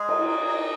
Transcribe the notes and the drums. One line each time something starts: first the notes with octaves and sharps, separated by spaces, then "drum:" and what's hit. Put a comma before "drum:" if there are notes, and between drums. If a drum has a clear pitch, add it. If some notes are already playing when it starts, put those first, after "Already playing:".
Already playing: G#3 G#4
D#4, drum: cymbal
D#4
D#4